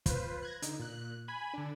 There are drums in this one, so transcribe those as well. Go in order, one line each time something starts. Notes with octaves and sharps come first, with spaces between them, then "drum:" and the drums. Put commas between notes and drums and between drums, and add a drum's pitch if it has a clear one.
F4 B4 C5, drum: kick, hi-hat
F#6 G#6 A#6
D3 D#4, drum: hi-hat
A#2 F#6
G#5 B5 G#6
D3 D4